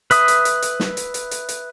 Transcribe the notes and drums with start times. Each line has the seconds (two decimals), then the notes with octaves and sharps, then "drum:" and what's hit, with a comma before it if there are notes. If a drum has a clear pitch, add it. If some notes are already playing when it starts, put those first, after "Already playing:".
0.11 B4 E5 D#6, drum: hi-hat
0.28 drum: hi-hat
0.45 drum: hi-hat
0.62 drum: hi-hat
0.80 drum: snare
0.97 drum: hi-hat
1.14 drum: hi-hat
1.31 drum: hi-hat
1.49 drum: hi-hat